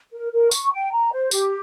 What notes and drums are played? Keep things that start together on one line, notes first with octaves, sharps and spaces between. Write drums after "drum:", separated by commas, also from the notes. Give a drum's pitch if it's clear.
A#4
A#4
C#6, drum: tambourine
G5
A#5
C5
G4, drum: tambourine